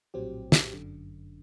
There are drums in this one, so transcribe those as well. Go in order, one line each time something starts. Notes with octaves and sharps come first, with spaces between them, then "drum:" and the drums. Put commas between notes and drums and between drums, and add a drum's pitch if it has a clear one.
A#1 A2 F#3 C4 G4
drum: snare
G1 F#2 D3